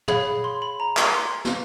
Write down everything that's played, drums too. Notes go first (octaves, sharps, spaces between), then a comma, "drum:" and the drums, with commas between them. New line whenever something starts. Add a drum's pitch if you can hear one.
G#4 C#5 F5 B5, drum: tom
C6
B5
A#5
A#5, drum: clap
C6
drum: snare